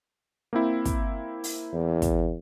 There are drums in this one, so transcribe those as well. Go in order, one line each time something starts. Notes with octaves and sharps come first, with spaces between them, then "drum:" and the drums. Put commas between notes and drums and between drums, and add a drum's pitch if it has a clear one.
A#3 C4 E4
drum: kick, hi-hat
drum: open hi-hat
E2
drum: kick, hi-hat